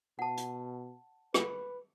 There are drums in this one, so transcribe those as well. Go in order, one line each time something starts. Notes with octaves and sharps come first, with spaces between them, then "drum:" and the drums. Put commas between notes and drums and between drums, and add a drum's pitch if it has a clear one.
B2 F#5 A5
drum: hi-hat
B4, drum: rim click